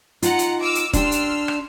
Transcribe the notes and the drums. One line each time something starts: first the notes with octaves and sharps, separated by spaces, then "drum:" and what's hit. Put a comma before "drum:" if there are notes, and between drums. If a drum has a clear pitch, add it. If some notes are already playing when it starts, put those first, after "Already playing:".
D#4 F4 F#5 A#5 C#7, drum: hi-hat
drum: hi-hat
D6 E6 F6
drum: hi-hat
D4 G4 C6 E6 F6, drum: kick, hi-hat
drum: hi-hat
drum: rim click